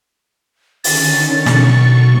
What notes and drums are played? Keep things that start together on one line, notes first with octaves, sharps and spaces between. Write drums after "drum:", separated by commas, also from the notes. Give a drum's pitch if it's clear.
D3 D#3 C#4 A6, drum: open hi-hat
B1 C#6, drum: snare